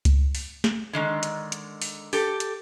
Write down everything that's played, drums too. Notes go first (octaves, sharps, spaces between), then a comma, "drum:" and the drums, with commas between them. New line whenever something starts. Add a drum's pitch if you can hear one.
drum: kick C#2, hi-hat
drum: open hi-hat
drum: snare
D3 D#3 G#3
drum: hi-hat
drum: hi-hat
drum: open hi-hat
G4 A4, drum: open hi-hat
drum: hi-hat